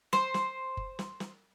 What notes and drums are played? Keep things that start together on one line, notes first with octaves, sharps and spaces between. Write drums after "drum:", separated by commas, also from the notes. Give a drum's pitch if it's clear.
C5, drum: snare
drum: snare
drum: kick F#1
drum: snare
drum: snare